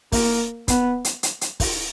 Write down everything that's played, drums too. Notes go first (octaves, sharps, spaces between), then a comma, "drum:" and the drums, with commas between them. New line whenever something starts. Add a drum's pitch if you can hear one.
A#3, drum: kick, open hi-hat
B3, drum: kick, hi-hat
drum: hi-hat
drum: hi-hat
drum: hi-hat
drum: kick, open hi-hat